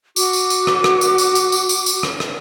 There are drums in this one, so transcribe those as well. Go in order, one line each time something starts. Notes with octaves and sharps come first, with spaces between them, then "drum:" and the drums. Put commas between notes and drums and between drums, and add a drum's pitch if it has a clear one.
F#4 D6, drum: tambourine
drum: tambourine
drum: tambourine
drum: rim click
drum: rim click
drum: tambourine
drum: tambourine
drum: tambourine
drum: tambourine
drum: tambourine
drum: tambourine
drum: rim click
drum: rim click